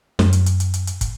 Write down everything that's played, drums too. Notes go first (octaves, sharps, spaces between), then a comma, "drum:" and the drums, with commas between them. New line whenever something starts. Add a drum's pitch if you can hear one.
F#2, drum: snare
drum: hi-hat
drum: hi-hat
drum: hi-hat
drum: hi-hat
drum: hi-hat
drum: kick, hi-hat